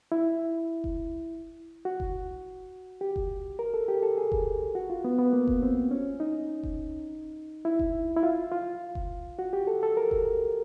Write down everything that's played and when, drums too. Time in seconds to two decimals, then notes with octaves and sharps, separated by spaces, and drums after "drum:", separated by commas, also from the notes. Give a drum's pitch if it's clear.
0.12 E4
0.84 drum: kick F1
1.85 F#4
2.00 drum: kick F1
3.01 G4
3.16 drum: kick F1
3.59 A#4
3.74 A4
3.88 G4
4.03 A4
4.18 G#4
4.32 drum: kick F1
4.75 F#4
4.90 F4
5.04 B3
5.19 B3
5.33 A#3
5.48 drum: kick F1
5.62 C4
5.91 C#4
6.20 D#4
6.63 drum: kick F1
7.65 E4
7.79 drum: kick F1
8.16 E4
8.23 F4
8.52 F4
8.95 drum: kick F1
9.39 F#4
9.53 G4
9.67 A4
9.83 A4
9.97 A#4
10.11 drum: kick F1